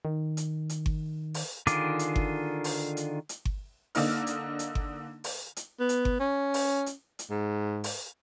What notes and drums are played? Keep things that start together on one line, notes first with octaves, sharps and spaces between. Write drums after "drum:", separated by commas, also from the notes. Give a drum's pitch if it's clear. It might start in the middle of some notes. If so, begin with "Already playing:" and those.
D#3
drum: hi-hat
drum: hi-hat
drum: kick G1
drum: open hi-hat
D3 D#3 F4 G#4 D6, drum: hi-hat
drum: hi-hat
drum: kick G1
drum: open hi-hat
drum: hi-hat
drum: hi-hat
drum: kick G1
D3 A#3 D#4 F6, drum: open hi-hat
drum: hi-hat
drum: hi-hat
drum: kick G1
drum: open hi-hat
drum: hi-hat
B3
drum: hi-hat
drum: kick G1
C#4
drum: open hi-hat
drum: hi-hat
drum: hi-hat
G#2
drum: open hi-hat